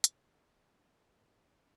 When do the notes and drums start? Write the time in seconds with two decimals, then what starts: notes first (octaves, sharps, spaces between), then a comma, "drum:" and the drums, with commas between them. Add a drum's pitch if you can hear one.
0.04 drum: hi-hat
0.14 C#4
0.24 D#4
0.36 C#4
0.46 D#4
0.56 C#4
1.40 C4